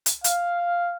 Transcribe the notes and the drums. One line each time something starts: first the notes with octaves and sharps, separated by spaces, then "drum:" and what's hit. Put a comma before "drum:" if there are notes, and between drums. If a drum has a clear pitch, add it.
drum: hi-hat
F5, drum: hi-hat